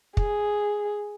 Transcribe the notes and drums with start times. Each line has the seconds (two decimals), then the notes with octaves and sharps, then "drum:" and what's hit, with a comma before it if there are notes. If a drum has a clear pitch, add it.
0.17 G#4, drum: kick